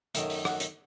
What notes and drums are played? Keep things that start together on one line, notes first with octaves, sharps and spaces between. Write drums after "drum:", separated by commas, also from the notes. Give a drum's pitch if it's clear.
F#2 D#3 A3 A#4, drum: hi-hat
drum: open hi-hat
F#4, drum: rim click
drum: hi-hat